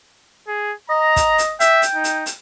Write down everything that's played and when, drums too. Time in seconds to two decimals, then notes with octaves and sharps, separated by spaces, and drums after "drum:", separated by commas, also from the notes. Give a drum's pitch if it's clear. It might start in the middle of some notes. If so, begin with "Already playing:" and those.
0.48 G#4
0.90 D#5 A#5
1.16 drum: kick, hi-hat
1.38 drum: hi-hat
1.60 E5 G5, drum: hi-hat
1.82 drum: hi-hat
1.95 D#4
2.04 drum: hi-hat
2.26 drum: hi-hat